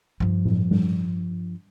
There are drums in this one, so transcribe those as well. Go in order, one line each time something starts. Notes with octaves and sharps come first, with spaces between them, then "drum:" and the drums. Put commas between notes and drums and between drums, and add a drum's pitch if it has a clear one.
G2 F3
drum: tom A2
drum: tom G3